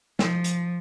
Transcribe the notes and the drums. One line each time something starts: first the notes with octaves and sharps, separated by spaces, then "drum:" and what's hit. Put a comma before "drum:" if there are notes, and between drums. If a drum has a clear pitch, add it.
F3, drum: snare
drum: hi-hat